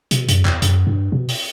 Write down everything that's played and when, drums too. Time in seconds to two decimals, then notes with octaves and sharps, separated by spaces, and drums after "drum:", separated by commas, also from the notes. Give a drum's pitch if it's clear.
0.11 B2, drum: hi-hat
0.29 F#2, drum: hi-hat
0.45 E2, drum: clap
0.62 F#2, drum: hi-hat
0.87 G2
1.12 B2
1.29 drum: open hi-hat